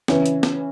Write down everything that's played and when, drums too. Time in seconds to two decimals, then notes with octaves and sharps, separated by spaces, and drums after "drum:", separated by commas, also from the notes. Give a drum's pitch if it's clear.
0.08 C#3 E3 C#4 E4, drum: snare
0.26 drum: hi-hat
0.43 drum: snare